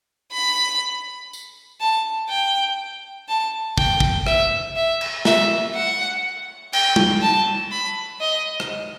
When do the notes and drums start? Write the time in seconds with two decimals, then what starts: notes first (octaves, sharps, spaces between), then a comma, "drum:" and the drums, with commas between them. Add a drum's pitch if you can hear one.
0.33 B5
1.33 drum: tambourine
1.80 A5
2.29 G5
3.28 A5
3.78 G5, drum: kick
4.00 drum: kick
4.27 E5, drum: rim click
4.76 E5
5.01 drum: cymbal
5.25 E5, drum: snare
5.75 F#5
6.73 G5, drum: cymbal
6.96 drum: tom G3
7.22 A5
7.72 B5
8.21 D#5
8.60 drum: rim click